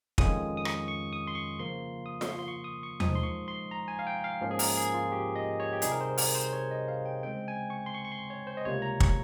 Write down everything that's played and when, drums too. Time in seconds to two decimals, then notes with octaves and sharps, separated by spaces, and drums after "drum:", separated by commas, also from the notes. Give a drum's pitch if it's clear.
0.18 F2 D#3 G#3 C#4 F4 D#6, drum: kick
0.57 D#6
0.65 C#6, drum: rim click
0.88 C#6
1.13 D#6
1.27 C6
1.35 C#6
1.58 C#3 F3 A#3 F4 C6
2.06 D#6
2.21 C6, drum: snare F4
2.30 C#6
2.39 C6
2.48 C#6
2.64 D#6
2.83 C#6
3.00 A#2 F3 G#3 D#4 D#6, drum: tom E2
3.15 C6
3.23 C#6
3.48 C6
3.71 A#5
3.88 G#5
3.99 F5
4.07 G5
4.24 F5
4.41 G#2 F3 A#3 C#4
4.51 G#4
4.59 A#4, drum: open hi-hat
4.77 G#4
4.94 F4
5.12 G4
5.36 D#5
5.60 C#5
5.73 G4
5.82 C3 G3 C4 D#4 G#4, drum: hi-hat
5.91 A#4
6.01 C5
6.18 A#4, drum: open hi-hat
6.35 C5
6.53 C#5
6.71 D#5
6.88 F5
7.06 G5
7.23 C#3 G#3 C4 G5
7.48 G#5
7.70 C#6
7.86 C6
7.94 C#6
8.05 C#6
8.12 C6
8.30 C#5
8.47 C5
8.57 D#5
8.65 C#2 C3 G3 A#3 C#5
8.82 A#5
9.00 C#6, drum: kick